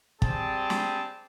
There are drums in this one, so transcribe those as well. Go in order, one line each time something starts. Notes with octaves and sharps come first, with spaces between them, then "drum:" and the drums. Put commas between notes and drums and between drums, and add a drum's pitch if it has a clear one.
G3 C4 G#4 A5, drum: kick
drum: snare